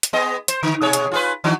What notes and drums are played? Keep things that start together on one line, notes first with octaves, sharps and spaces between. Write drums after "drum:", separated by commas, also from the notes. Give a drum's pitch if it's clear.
drum: hi-hat
B3 G#4 D#5
C5, drum: hi-hat
D3
B2 G#4 C#5
drum: hi-hat
F4 G#4 B4
D#3 D4 F#4